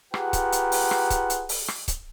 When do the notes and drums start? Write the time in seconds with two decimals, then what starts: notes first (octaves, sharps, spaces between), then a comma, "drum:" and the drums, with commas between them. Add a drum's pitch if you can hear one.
0.14 F4 G4 G#4 B4 F#5 A#5, drum: rim click
0.33 drum: kick C#1, hi-hat
0.52 drum: hi-hat
0.72 drum: open hi-hat
0.91 drum: rim click
1.10 drum: kick C#1, hi-hat
1.30 drum: hi-hat
1.49 drum: open hi-hat
1.68 drum: rim click
1.88 drum: kick C#1, hi-hat